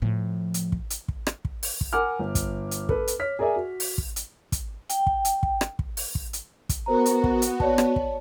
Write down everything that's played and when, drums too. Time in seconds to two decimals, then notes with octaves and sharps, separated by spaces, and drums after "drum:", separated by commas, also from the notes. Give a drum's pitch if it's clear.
0.02 A2 F3
0.54 drum: hi-hat
0.72 drum: kick
0.90 drum: hi-hat
1.08 drum: kick
1.27 drum: rim click
1.45 drum: kick
1.63 drum: open hi-hat
1.81 drum: kick
1.93 A#4 F#5 G#5 D6 F6
2.19 G1
2.35 drum: kick, hi-hat
2.71 drum: hi-hat
2.89 A4 B4, drum: kick
3.08 drum: hi-hat
3.19 C#5 F6 B6
3.39 G#4 A#4 D5 E5 G#5
3.56 F#4
3.80 drum: open hi-hat
3.98 drum: kick
4.16 drum: hi-hat
4.52 drum: kick, hi-hat
4.89 G5, drum: hi-hat
5.07 drum: kick
5.25 drum: hi-hat
5.43 drum: kick
5.61 drum: rim click
5.79 drum: kick
5.97 drum: open hi-hat
6.15 drum: kick
6.33 drum: hi-hat
6.69 drum: kick, hi-hat
6.86 B3 F#4 A#4 C5 A#5
7.06 drum: hi-hat
7.24 drum: kick
7.42 drum: hi-hat
7.60 C#5 D5 A5, drum: kick
7.78 drum: rim click
7.96 drum: kick